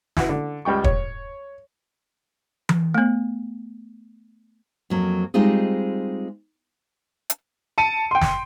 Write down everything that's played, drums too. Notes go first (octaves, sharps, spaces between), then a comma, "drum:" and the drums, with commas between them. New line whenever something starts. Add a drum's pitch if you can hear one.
E4 F#4 B4, drum: snare
D3
C#2 G3 G5 C#6
C#5, drum: kick
drum: tom E3
A3 B3
F2 F#3 A#3
G3 G#3 C4 D#4 F4 G#4
drum: hi-hat
A5 C#7 D#7
G5 C6
drum: snare